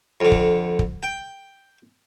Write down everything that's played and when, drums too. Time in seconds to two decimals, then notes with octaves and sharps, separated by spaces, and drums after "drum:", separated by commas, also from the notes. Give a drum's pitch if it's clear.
0.20 F2 D3
0.32 drum: kick
0.79 drum: kick
1.03 G5